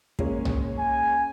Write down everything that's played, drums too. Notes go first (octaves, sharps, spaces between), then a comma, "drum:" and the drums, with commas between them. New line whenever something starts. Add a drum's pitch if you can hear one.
G#3 A#3 C#4, drum: kick
drum: tom B1
G#5